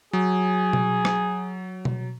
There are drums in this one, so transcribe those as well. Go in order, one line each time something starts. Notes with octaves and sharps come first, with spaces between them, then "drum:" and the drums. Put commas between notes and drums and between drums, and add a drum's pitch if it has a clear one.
F#3 G#4
drum: tom B2
drum: rim click
drum: tom B2